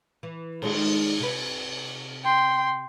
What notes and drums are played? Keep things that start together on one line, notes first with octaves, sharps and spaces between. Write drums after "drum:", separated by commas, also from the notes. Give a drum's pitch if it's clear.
E3
D#3 G#3 D#4, drum: cymbal
C3 B4
G5 C6